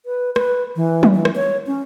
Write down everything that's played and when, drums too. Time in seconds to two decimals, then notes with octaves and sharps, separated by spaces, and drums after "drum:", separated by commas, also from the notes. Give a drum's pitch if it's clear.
0.06 B4
0.36 B4, drum: rim click
0.76 E3
1.03 drum: tom F#3
1.14 E3
1.25 drum: rim click
1.35 C#5
1.66 C#4